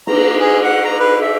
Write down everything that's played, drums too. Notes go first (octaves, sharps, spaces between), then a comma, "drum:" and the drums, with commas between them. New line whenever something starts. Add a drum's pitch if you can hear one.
A#5, drum: cymbal
G#4
F#5
A#5
B4
E5